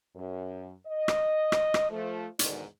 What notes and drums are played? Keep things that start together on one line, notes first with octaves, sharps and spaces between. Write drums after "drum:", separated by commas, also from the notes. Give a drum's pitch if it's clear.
F#2
D#5
drum: rim click
drum: rim click
drum: rim click
F3 A3
E2 G#2 B2 D3 D#3 D5, drum: hi-hat